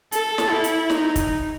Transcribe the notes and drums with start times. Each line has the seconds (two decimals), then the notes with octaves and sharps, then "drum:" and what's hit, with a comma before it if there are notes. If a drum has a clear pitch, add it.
0.12 A4, drum: hi-hat
0.38 drum: snare
0.51 E4
0.64 drum: hi-hat
0.90 D#4, drum: snare
1.16 drum: kick, hi-hat